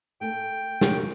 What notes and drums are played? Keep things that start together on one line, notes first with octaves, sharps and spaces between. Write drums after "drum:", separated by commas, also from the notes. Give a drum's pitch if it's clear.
A3 A4 G5 G#5
F3 F#3 C#4, drum: snare